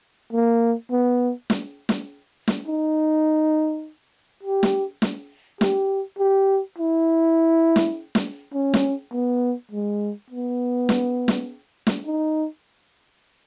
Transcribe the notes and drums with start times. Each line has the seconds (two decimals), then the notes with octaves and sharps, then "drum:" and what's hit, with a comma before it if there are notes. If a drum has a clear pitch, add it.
0.33 A#3
0.91 B3
1.50 drum: snare
1.89 drum: snare
2.48 drum: snare
2.67 D#4
4.43 G4
4.63 drum: snare
5.02 drum: snare
5.61 G4, drum: snare
6.19 G4
6.78 E4
7.76 drum: snare
8.15 drum: snare
8.54 C#4
8.74 drum: snare
9.13 B3
9.71 G#3
10.30 B3
10.89 drum: snare
11.28 drum: snare
11.87 drum: snare
12.06 D#4